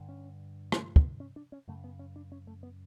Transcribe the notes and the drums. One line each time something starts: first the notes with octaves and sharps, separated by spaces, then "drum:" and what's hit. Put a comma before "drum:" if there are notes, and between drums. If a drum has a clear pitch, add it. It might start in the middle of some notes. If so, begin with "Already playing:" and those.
Already playing: G2 D3
C#4
C#4, drum: rim click
B3, drum: kick
C#4
D4
C#4
F#2 C#3 A3
B3
C#4
D4
C#4
A3
B3